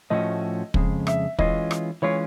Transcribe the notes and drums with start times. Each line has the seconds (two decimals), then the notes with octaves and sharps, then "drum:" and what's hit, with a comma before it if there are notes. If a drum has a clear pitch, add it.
0.10 A2 F3 A3 C#4 F#4 D#5
0.74 F2 C#3 G#3, drum: kick
1.07 E5, drum: rim click
1.39 E3 G#3 C#4 F4 D#5, drum: kick
1.71 drum: rim click
2.02 E3 G#3 C#4 F4 C#5